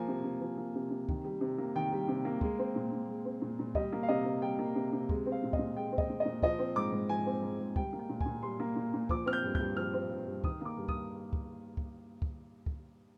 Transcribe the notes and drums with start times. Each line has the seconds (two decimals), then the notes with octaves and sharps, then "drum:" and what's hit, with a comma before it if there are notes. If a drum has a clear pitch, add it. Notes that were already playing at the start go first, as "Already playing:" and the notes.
Already playing: F3 A#3 G#5
0.08 C3
0.24 C3
0.41 F3
0.57 A#3
0.75 C3
0.91 C3
1.09 D#3, drum: kick C#2
1.25 G3
1.41 C3
1.58 A#3
1.76 D#3 G5
1.92 G3
2.08 C3
2.25 A#3
2.41 G#3, drum: kick C#2
2.59 C4
2.75 A#2
2.92 A#2
3.08 G#3
3.25 C4
3.42 A#2
3.59 A#2
3.75 G3 D#5, drum: kick C#2
3.93 A#3
4.03 F5
4.09 C3 D#5
4.25 C3
4.42 G3 G5
4.59 A#3
4.76 C3
4.93 C3
5.09 G#3, drum: kick C#2
5.26 C4
5.32 F5
5.43 A#2
5.53 D#5, drum: kick C#2
5.59 A#2
5.75 G#3 G5
5.92 C4
5.98 D#5, drum: kick C#2
6.10 A#2
6.20 D#5
6.25 A#2
6.42 F3 D#5, drum: kick C#2
6.59 C4
6.76 G#2 D6
6.92 G#2
7.09 F3 G#5
7.26 C4
7.43 G#2
7.59 G#2
7.76 G3 G5, drum: kick C#2
7.93 A#3
7.99 G5
8.09 A#2
8.21 G#5, drum: kick C#2
8.26 A#2
8.43 G3 C6
8.60 A#3
8.76 A#2
8.94 A#2
9.09 F3 D6, drum: kick C#2
9.26 C4 F6
9.33 G6
9.44 G2
9.55 G6, drum: kick C#2
9.60 G2
9.77 F3 F6
9.94 C4
10.11 G2
10.26 G2
10.44 D#3 D#6, drum: kick C#2
10.61 A#3 D6
10.77 G2
10.88 D#6, drum: kick C#2
11.33 drum: kick C#2
11.77 drum: kick C#2
12.22 drum: kick C#2
12.66 drum: kick C#2